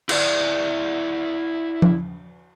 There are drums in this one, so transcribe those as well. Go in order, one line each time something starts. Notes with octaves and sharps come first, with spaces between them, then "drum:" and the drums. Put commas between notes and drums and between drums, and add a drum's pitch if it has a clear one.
E4 D5, drum: cymbal
drum: tom F3